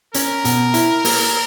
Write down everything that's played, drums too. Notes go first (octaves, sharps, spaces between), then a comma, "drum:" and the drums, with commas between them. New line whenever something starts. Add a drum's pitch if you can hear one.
C#4 A#4, drum: hi-hat
B2, drum: hi-hat
E4, drum: hi-hat
A#3, drum: open hi-hat